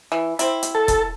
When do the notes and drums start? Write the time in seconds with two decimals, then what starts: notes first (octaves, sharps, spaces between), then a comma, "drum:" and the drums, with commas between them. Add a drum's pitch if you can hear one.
0.12 E3
0.39 C4 E4, drum: hi-hat
0.63 drum: hi-hat
0.75 A4
0.88 drum: kick, hi-hat